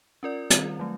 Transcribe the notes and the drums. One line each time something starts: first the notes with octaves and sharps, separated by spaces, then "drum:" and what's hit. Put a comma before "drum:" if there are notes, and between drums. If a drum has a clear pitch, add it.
C#4 F4 A#4 D5
D#3 G3 C4 F4, drum: hi-hat
F#3 A3